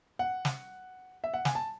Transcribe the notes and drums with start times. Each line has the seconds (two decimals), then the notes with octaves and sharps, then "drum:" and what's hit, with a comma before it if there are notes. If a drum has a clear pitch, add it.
0.19 F#5
0.45 drum: snare
1.24 E5
1.34 F#5
1.45 G#5, drum: snare
1.55 A5